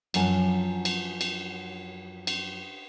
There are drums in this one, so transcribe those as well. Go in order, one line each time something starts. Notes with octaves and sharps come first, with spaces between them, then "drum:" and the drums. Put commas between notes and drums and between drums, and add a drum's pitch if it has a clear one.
F#2 F3 F#3 F#5 G#5, drum: cymbal
drum: cymbal
drum: cymbal
drum: cymbal